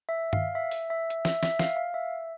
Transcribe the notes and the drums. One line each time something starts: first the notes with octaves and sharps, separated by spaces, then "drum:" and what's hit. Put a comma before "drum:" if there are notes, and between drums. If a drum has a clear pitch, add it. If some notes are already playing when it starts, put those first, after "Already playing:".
E5
F5, drum: tom G2
E5
drum: open hi-hat
E5
drum: hi-hat
E5, drum: snare
E5, drum: snare
F5, drum: snare
F5
E5